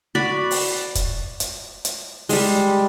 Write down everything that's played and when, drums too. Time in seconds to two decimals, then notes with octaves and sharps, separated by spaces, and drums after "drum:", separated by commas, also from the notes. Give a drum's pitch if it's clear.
0.15 F#4 D5 B5
0.51 drum: open hi-hat
0.95 drum: kick, hi-hat
1.40 drum: hi-hat
1.85 drum: hi-hat
2.29 G3 G#3, drum: open hi-hat